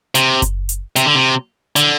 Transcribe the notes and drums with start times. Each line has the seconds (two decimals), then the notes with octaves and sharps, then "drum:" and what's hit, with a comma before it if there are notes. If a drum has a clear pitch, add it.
0.15 C3, drum: hi-hat
0.42 drum: kick F#1, hi-hat
0.69 drum: hi-hat
0.96 C3, drum: hi-hat
1.06 D3
1.15 C3
1.76 D3, drum: hi-hat